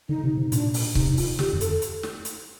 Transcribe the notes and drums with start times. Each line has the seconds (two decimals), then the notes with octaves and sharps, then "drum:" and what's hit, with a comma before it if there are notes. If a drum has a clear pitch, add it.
0.09 D3 D#4
0.24 C3
0.37 C3
0.52 A#2 D4, drum: hi-hat
0.74 drum: open hi-hat
0.95 C3 D#4, drum: kick C#1
1.17 F4, drum: open hi-hat
1.39 D3 G4, drum: snare
1.53 F2
1.61 A4, drum: hi-hat
1.82 drum: hi-hat
2.03 drum: snare
2.25 drum: hi-hat